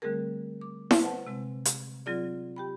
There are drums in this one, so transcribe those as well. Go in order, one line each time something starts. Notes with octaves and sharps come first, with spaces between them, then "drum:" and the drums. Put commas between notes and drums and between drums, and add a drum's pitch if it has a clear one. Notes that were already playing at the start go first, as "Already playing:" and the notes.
D3 G3 A3 C4 G#4 A#4
D6
drum: snare E4
B4 C5 F#5 A5
C3 G#3 C4
drum: hi-hat
F#3 C4 F4 G#4 D5
G4 G5 B5